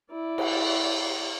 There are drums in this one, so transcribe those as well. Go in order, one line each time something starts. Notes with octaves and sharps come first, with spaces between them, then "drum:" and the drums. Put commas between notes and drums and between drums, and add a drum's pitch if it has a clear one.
E4 D5
drum: cymbal